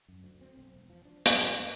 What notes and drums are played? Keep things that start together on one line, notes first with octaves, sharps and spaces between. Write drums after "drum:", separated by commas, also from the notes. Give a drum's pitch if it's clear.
F#2
D2
C4
B1
E1
F3
D4
A#2, drum: hi-hat
F2
G#2